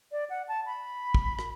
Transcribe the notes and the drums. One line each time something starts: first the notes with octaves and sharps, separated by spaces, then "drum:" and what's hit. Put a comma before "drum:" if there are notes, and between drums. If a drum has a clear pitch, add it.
D5
F#5
A5
B5
drum: kick
drum: rim click